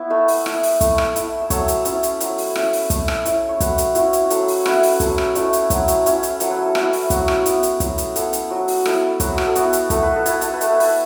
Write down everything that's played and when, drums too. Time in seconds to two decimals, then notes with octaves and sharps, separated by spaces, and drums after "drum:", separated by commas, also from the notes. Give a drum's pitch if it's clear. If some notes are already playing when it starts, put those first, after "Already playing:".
Already playing: B3 E4 C#5
0.10 A3 B4 E5
0.28 drum: open hi-hat
0.46 E4, drum: rim click
0.63 drum: open hi-hat
0.81 A3, drum: kick, hi-hat
0.98 drum: rim click
1.16 E4, drum: hi-hat
1.42 E5
1.50 F#3 A4 C#5, drum: kick, hi-hat
1.68 drum: hi-hat
1.85 C#4 E4, drum: hi-hat
2.03 drum: hi-hat
2.20 F#3, drum: hi-hat
2.38 drum: open hi-hat
2.55 C#4 E4, drum: rim click
2.73 drum: open hi-hat
2.90 A3, drum: kick, hi-hat
3.08 drum: rim click
3.25 C#4 E4, drum: hi-hat
3.49 C#5
3.60 A3 F#4 B4, drum: kick, hi-hat
3.78 drum: hi-hat
3.95 C#4 E4 F#4, drum: hi-hat
4.13 drum: hi-hat
4.25 F#4
4.30 F#3 A4, drum: hi-hat
4.48 drum: open hi-hat
4.66 A3 C#4 E4 F#4 B4, drum: rim click
4.83 drum: open hi-hat
5.00 F#3 A4, drum: kick, hi-hat
5.18 drum: rim click
5.35 A3 C#4 E4, drum: hi-hat
5.53 drum: hi-hat
5.70 F#3, drum: kick, hi-hat
5.88 drum: hi-hat
6.06 C#4 E4, drum: hi-hat
6.23 drum: hi-hat
6.40 F#3 A4, drum: hi-hat
6.51 B4
6.63 A4
6.75 C#4 E4 F#4, drum: rim click
6.93 drum: open hi-hat
7.10 F#3 F#4, drum: kick, hi-hat
7.28 drum: rim click
7.46 B3 E4, drum: hi-hat
7.63 drum: hi-hat
7.80 F#3 F#4, drum: kick, hi-hat
7.98 drum: hi-hat
8.16 B3 E4 A4, drum: hi-hat
8.33 drum: hi-hat
8.51 F#3 F#4
8.68 drum: open hi-hat
8.85 B3 E4 A4, drum: rim click
9.20 F#3 F#4 B4, drum: kick, hi-hat
9.38 drum: rim click
9.47 A4
9.55 B3 E4 F#4, drum: hi-hat
9.73 drum: hi-hat
9.90 A3 A4, drum: kick, hi-hat
10.03 B4
10.16 A4
10.26 E4 B4, drum: hi-hat
10.41 A4, drum: hi-hat
10.54 B4
10.61 A3, drum: hi-hat
10.67 A4
10.80 B4, drum: open hi-hat